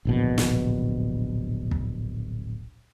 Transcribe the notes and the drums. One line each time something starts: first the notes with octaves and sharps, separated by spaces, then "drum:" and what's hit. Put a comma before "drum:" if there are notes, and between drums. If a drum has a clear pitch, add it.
D1 A#1 B2
drum: snare
drum: kick